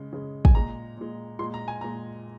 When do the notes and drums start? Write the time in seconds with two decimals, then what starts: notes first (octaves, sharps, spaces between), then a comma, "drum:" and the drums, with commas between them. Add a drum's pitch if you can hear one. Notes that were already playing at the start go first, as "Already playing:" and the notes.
Already playing: C#3 G#3
0.13 C#3 G#3
0.45 G#5, drum: kick
0.55 A#2 G#3 A#5
0.97 A#2 G#3
1.39 A#2 G#3 C6
1.54 A#5
1.68 G#5
1.81 A#2 G#3 A#5